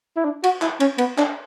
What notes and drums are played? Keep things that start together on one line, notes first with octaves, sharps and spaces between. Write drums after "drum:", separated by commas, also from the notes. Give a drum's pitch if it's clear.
E4
D4
F#4, drum: cymbal
E4, drum: clap
C#4, drum: cymbal
B3, drum: cymbal
D4, drum: clap